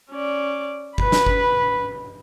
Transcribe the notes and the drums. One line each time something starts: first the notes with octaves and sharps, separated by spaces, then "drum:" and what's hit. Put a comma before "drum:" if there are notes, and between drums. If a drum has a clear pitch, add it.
C#4 D5
B4 B5, drum: kick G1
drum: snare
drum: kick G1